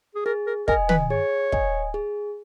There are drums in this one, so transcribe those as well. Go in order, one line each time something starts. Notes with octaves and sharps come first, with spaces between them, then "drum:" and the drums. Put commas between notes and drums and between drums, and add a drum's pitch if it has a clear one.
G#4
G#4 A#4
A#4
A#4 D#5 G#5, drum: kick
B4, drum: tom
G#4 C#5
D#5 G#5, drum: kick
G#4